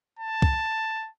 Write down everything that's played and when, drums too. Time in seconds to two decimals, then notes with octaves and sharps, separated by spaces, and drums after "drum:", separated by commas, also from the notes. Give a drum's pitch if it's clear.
0.19 A5
0.42 drum: kick